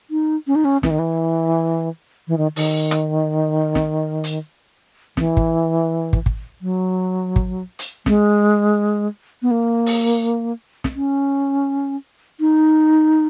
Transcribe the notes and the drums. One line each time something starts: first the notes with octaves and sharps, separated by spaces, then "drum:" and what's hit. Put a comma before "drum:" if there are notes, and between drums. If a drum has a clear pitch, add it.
D#4
C#4
D#4
C#4
E3, drum: snare
D#3
E3
E3
D#3
D#3, drum: open hi-hat
drum: rim click
drum: snare
drum: hi-hat
E3, drum: snare
drum: kick
drum: kick
drum: kick
F#3
drum: kick
drum: hi-hat
G#3, drum: snare
B3
A#3
drum: open hi-hat
drum: snare
C#4
D#4